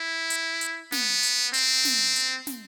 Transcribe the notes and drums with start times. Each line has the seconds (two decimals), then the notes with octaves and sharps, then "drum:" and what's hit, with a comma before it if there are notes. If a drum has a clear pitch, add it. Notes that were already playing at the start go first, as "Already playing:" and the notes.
Already playing: E4
0.30 drum: hi-hat
0.61 drum: hi-hat
0.92 B3, drum: snare
1.23 drum: hi-hat
1.54 C4, drum: hi-hat
1.85 drum: snare
2.16 drum: hi-hat
2.47 drum: snare